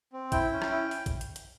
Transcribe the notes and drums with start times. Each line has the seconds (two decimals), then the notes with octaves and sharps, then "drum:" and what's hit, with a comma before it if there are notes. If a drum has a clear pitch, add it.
0.13 C4
0.32 E4 G5, drum: kick, hi-hat
0.52 C#4
0.62 drum: rim click
0.71 E4
0.91 drum: open hi-hat
1.06 drum: kick, hi-hat
1.21 drum: hi-hat
1.36 drum: hi-hat